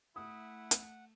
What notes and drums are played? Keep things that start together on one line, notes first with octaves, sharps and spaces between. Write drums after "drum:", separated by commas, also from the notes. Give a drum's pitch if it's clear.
A3 E4 F#5 D#6
drum: hi-hat